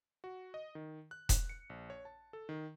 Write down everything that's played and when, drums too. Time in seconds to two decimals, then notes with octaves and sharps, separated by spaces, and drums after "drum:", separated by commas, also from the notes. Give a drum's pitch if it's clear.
0.24 F#4
0.54 D#5
0.75 D#3
1.11 F#6
1.29 F#6, drum: kick E1, hi-hat
1.49 C#7
1.70 A#1
1.90 C#5
2.05 A5
2.33 A4
2.49 D#3